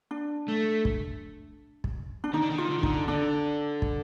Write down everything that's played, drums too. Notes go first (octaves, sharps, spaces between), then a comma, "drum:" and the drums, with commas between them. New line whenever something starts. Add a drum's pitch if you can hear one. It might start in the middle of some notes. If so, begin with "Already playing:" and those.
D4
A3
drum: kick
drum: kick
D4
D#3 D#4
D3
D#3
F4
D3
D#3
D3 D#4, drum: kick
D3 D4
drum: kick